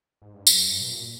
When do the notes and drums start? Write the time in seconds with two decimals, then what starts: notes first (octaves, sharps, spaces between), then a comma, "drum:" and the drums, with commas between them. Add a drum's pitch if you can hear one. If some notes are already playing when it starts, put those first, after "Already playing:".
0.22 G#2
0.34 G2
0.47 F#2, drum: tambourine
0.68 G2
0.81 B2
0.89 A#2